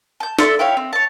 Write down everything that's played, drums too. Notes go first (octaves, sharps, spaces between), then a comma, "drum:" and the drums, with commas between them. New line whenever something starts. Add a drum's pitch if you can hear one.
A5 G6
A4 D5 E5 C6, drum: snare
E4 G4 C#5 F5
C4
C#5 A5